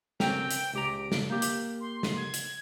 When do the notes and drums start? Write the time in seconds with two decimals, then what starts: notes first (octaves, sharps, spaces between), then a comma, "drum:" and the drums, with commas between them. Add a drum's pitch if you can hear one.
0.20 C4 C#4 A#4 G5, drum: snare
0.51 drum: hi-hat
0.74 C#2 G4 A#5 D7
1.12 drum: snare
1.30 A#3 G4 G6
1.42 drum: hi-hat
1.80 C6
2.03 drum: snare
2.16 G#6
2.34 drum: hi-hat